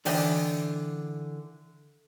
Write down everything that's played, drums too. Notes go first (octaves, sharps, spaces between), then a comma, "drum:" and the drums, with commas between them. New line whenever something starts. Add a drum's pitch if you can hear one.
D3 E3 D5 D#5 G5, drum: open hi-hat